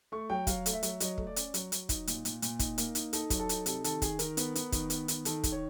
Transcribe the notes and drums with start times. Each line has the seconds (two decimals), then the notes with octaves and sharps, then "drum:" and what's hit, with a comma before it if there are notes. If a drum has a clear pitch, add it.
0.12 A3 C#6
0.30 F#3 G5
0.47 F#3 F5, drum: kick, hi-hat
0.66 A3, drum: hi-hat
0.73 E5
0.83 F#3, drum: hi-hat
1.00 F#3 D#5, drum: hi-hat
1.18 A3, drum: kick
1.27 D5
1.36 C#4, drum: hi-hat
1.54 F#3, drum: hi-hat
1.72 F#3, drum: hi-hat
1.89 D#4, drum: kick, hi-hat
2.07 A#2, drum: hi-hat
2.25 A#2, drum: hi-hat
2.42 A#2, drum: hi-hat
2.59 D#4, drum: kick, hi-hat
2.78 A#3, drum: hi-hat
2.95 D#4, drum: hi-hat
3.13 D#4 A4, drum: hi-hat
3.30 F#3, drum: kick, hi-hat
3.40 A4
3.49 D#4, drum: hi-hat
3.66 C3 A4, drum: hi-hat
3.84 D#3 A4, drum: hi-hat
4.02 D#3 G#4, drum: kick, hi-hat
4.19 D#3 A#4, drum: hi-hat
4.37 B3, drum: hi-hat
4.55 B3, drum: hi-hat
4.72 D#3, drum: kick, hi-hat
4.90 B3, drum: hi-hat
5.08 D#3, drum: hi-hat
5.25 D#3 A4, drum: hi-hat
5.44 D#3, drum: kick, hi-hat
5.52 C#5